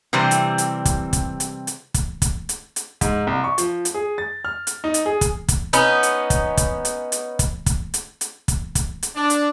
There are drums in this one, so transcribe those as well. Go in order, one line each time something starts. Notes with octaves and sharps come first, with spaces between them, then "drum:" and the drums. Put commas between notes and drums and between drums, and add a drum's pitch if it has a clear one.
C3 E3 G3 C4
drum: hi-hat
drum: hi-hat
drum: kick, hi-hat
drum: kick, hi-hat
drum: hi-hat
drum: hi-hat
drum: kick, hi-hat
drum: kick, hi-hat
drum: hi-hat
drum: hi-hat
G#2, drum: kick, hi-hat
C2
C#6
F3, drum: hi-hat
drum: hi-hat
G#4
A6
F6
drum: hi-hat
D#4
drum: hi-hat
G#4
drum: kick, hi-hat
drum: kick, hi-hat
B3 C#4 D#4, drum: hi-hat
drum: hi-hat
drum: kick, hi-hat
drum: kick, hi-hat
drum: hi-hat
drum: hi-hat
drum: kick, hi-hat
drum: kick, hi-hat
drum: hi-hat
drum: hi-hat
drum: kick, hi-hat
drum: kick, hi-hat
drum: hi-hat
D4
drum: hi-hat